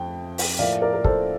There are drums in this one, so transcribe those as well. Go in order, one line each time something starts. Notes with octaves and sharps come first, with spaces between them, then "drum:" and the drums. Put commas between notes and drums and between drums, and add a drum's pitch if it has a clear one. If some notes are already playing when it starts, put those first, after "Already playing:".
Already playing: F2 G5
drum: open hi-hat
A2 F3 A#3 D5 F5
A#4 D5
A#4
A4 C5, drum: kick